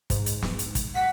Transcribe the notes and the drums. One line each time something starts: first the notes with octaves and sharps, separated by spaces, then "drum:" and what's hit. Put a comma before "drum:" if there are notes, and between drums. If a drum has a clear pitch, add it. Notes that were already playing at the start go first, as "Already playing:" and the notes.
G#2, drum: kick, hi-hat
drum: hi-hat
drum: snare
drum: hi-hat
drum: kick, hi-hat
F#5 B6